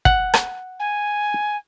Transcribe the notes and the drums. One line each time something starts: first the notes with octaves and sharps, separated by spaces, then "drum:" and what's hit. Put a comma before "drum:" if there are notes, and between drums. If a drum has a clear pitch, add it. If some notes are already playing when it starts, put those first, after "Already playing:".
F#5, drum: kick
drum: rim click
G#5